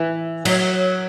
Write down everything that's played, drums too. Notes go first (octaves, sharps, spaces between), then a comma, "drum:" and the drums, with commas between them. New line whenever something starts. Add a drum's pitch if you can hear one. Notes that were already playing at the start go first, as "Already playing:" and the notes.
Already playing: E3
F#3, drum: cymbal